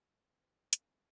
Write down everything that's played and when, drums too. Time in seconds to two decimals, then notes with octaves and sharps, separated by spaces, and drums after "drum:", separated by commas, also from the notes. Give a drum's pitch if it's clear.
0.25 C3 E3 C4
0.73 F2 F4 G#5, drum: hi-hat